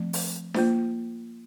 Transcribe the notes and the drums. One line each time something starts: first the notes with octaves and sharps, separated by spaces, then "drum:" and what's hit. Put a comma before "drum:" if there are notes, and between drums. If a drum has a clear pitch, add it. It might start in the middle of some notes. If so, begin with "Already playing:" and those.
Already playing: F3 A3 C4
drum: open hi-hat
A#3 F4 C5, drum: snare D4